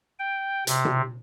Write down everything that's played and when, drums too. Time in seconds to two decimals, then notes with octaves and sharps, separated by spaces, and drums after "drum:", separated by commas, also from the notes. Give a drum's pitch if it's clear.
0.19 G5
0.67 C3, drum: hi-hat
0.85 drum: tom B2